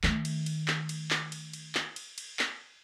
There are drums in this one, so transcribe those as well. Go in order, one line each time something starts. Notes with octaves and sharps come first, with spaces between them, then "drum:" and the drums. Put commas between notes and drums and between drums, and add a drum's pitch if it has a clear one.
D#3 A3, drum: clap
drum: cymbal
drum: cymbal
drum: clap
drum: cymbal
drum: clap
drum: cymbal
drum: cymbal
drum: clap
drum: cymbal
drum: cymbal
drum: clap